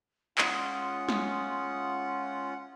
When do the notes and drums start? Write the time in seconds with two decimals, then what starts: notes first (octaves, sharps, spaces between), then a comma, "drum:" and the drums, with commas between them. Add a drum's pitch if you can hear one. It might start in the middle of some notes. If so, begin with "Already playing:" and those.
0.38 G#3 C#4 F4 F#5 D#6, drum: clap
1.09 drum: snare